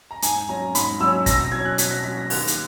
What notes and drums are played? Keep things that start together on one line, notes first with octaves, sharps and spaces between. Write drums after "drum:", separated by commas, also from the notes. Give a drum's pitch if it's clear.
A#5
G#2 G#5, drum: hi-hat
F#3 C#4 A#5
G#2 B5, drum: hi-hat
F#3 C#4 E6
B2 A#6, drum: kick, hi-hat
A#6
F#3 C#4 G#6
F#6
B2 B6, drum: hi-hat
A#6
F#3 C#4 B6
A#6
D#2 F#6, drum: open hi-hat
drum: hi-hat